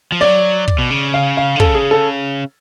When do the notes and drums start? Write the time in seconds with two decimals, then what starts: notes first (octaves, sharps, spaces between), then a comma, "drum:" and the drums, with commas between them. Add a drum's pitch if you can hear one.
0.12 F3
0.21 F#3 D5
0.68 drum: kick
0.78 B2
0.91 C#3
1.14 F5
1.37 F5
1.56 D3
1.60 C#3 A4, drum: kick
1.75 G#4
1.91 A4